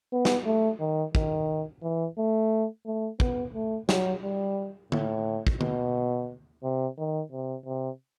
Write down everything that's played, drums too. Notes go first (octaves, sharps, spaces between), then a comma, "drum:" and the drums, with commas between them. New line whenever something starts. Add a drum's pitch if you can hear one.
B3
drum: snare
A3
D#3
D#3, drum: kick
E3
A3
A3
B3, drum: kick
A3
F#3, drum: snare
G3
A2, drum: tom D3
drum: kick
B2, drum: tom D3
C3
D#3
C3
C3